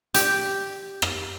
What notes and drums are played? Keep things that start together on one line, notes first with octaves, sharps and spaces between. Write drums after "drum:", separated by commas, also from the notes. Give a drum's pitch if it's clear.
G4, drum: hi-hat
drum: rim click